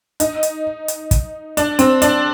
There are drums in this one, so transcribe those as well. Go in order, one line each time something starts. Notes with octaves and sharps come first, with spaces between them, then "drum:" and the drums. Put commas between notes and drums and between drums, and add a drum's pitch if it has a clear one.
D#4, drum: hi-hat
drum: hi-hat
drum: hi-hat
drum: kick, hi-hat
D4, drum: hi-hat
C4, drum: hi-hat
D4, drum: hi-hat